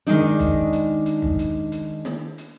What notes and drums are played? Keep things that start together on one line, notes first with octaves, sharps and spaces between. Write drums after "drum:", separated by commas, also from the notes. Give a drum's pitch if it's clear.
D#3 G#3 D4 D#4 D5, drum: hi-hat
drum: kick, hi-hat
drum: hi-hat
drum: hi-hat
drum: kick
drum: hi-hat
drum: hi-hat
drum: snare
drum: hi-hat